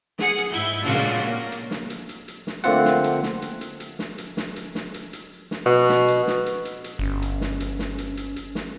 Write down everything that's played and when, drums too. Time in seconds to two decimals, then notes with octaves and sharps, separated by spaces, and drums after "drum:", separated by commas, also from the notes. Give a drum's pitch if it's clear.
0.19 G#4 F#5 C#7, drum: snare
0.38 drum: hi-hat
0.50 G#2 E4 G6 G#6
0.82 A#2 C#3 G#3 D4 F4 F#4
0.95 drum: snare
1.26 A#3
1.52 drum: hi-hat
1.71 drum: snare
1.90 drum: hi-hat
2.09 drum: hi-hat
2.28 drum: hi-hat
2.47 drum: snare
2.64 D3 A3 A#3 C4 F4 F#5, drum: hi-hat
2.85 drum: snare
3.04 drum: hi-hat
3.23 drum: snare
3.42 drum: hi-hat
3.61 drum: hi-hat
3.80 drum: hi-hat
3.99 drum: snare
4.18 drum: hi-hat
4.37 drum: snare
4.56 drum: hi-hat
4.75 drum: snare
4.94 drum: hi-hat
5.13 drum: hi-hat
5.51 drum: snare
5.66 B2
5.89 drum: snare
6.08 drum: hi-hat
6.27 drum: snare
6.46 drum: hi-hat
6.65 drum: hi-hat
6.84 drum: hi-hat
6.99 G1 C#4
7.22 drum: hi-hat
7.41 drum: snare
7.60 drum: hi-hat
7.79 drum: snare
7.98 drum: hi-hat
8.17 drum: hi-hat
8.36 drum: hi-hat
8.55 drum: snare